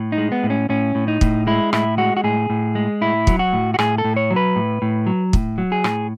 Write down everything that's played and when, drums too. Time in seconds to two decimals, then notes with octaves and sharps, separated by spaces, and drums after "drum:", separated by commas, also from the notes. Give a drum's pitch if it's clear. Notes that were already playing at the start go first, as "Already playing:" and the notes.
Already playing: A2
0.12 D#4
0.18 G#3
0.32 B3
0.44 A2
0.50 C#4
0.70 A2 C#4
0.95 A2
1.08 D#4
1.21 A2, drum: kick
1.47 G#3 E4
1.73 A2 E4, drum: rim click
1.98 G#3 F#4
2.17 F#4
2.24 A2 G#4
2.50 A2
2.75 G#3
3.01 A2 E4
3.27 F#3, drum: kick
3.39 F#4
3.53 A2
3.74 F#4
3.79 A2 G#4, drum: rim click
3.98 A4
4.05 A2
4.16 C#5
4.31 F#3
4.36 B4
4.56 A2
4.82 A2
5.06 F#3
5.33 A2, drum: kick
5.58 F#3
5.72 G#4
5.84 A2, drum: rim click